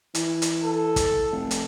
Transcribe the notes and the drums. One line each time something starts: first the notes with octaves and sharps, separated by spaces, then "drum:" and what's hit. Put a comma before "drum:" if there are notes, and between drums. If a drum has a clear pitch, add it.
E3, drum: hi-hat
drum: hi-hat
A4
drum: kick, hi-hat
F1
drum: hi-hat